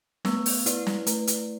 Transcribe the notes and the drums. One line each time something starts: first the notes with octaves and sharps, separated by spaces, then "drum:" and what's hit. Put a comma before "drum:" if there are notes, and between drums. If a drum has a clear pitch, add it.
A3 B3, drum: snare
drum: open hi-hat
E4 B4 D5, drum: hi-hat
drum: snare
A3, drum: hi-hat
drum: hi-hat